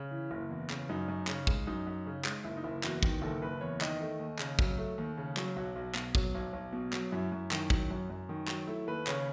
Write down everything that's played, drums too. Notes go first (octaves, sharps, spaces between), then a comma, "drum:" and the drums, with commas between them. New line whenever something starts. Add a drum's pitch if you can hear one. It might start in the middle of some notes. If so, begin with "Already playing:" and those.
Already playing: C#3
E3
F#1
E2
C#3, drum: clap
F#2 D#4
F#2
C#3, drum: clap
G#3, drum: kick
F#2 D#4
F#2
C#3
G#3, drum: clap
F#1 E4
D#4
F#1 E4
E2 F#4, drum: clap
D#3, drum: kick
F#1 A4
F#1 B4
E2 C#5
D#3 D#5, drum: clap
A3
D#2
C#3, drum: clap
F#3, drum: kick
A3
D#2
C#3
F#3, drum: clap
B1 F#4
B1
B2, drum: clap
F#3, drum: kick
B1
B1
B2
F#3, drum: clap
F#2 E4
F#2
D#3, drum: clap
F#3, drum: kick
F#2
F#2
D#3
F#3, drum: clap
A3 E4
D#2 B4
C#3 C#5, drum: clap